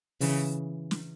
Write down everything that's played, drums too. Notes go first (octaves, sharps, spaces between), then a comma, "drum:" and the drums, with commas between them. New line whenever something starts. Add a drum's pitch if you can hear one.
C#3 E3, drum: open hi-hat
drum: snare